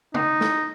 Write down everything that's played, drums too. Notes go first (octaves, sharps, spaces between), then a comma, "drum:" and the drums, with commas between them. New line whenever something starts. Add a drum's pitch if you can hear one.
D#4, drum: tom
drum: snare